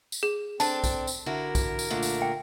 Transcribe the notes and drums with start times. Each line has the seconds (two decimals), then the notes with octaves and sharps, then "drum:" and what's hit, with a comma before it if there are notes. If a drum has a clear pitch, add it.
0.12 drum: tambourine
0.23 G#4
0.60 C4 D4 A4 A5, drum: tambourine
0.84 drum: kick B1, tambourine
1.07 drum: tambourine
1.26 D3 E4 F#4 A#4
1.55 drum: kick B1, tambourine
1.79 drum: tambourine
1.90 A#2 D3 A3
2.03 drum: tambourine
2.22 G5